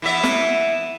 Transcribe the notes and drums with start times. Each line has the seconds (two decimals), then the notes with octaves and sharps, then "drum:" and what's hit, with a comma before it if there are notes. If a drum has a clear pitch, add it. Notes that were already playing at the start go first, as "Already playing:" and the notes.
0.02 E3 B3 E5
0.23 drum: snare